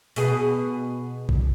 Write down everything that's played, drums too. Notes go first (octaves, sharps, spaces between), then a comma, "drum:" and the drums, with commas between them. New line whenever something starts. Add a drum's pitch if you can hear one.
B2 G#4, drum: open hi-hat
drum: kick A1